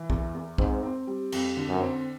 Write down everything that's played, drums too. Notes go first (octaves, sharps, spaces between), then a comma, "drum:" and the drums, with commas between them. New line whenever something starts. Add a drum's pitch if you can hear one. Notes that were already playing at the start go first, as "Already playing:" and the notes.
Already playing: E3
E2, drum: kick
E2
G#2 C4, drum: kick
C4
G3
F2, drum: cymbal
D3
F#2
C4